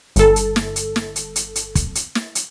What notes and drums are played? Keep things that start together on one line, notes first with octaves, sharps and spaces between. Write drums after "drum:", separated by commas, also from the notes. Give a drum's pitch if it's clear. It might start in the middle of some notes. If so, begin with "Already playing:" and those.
G1 A4, drum: hi-hat
drum: hi-hat
drum: snare
drum: hi-hat
drum: snare
drum: hi-hat
drum: hi-hat
drum: hi-hat
drum: kick, hi-hat
drum: hi-hat
drum: snare
drum: hi-hat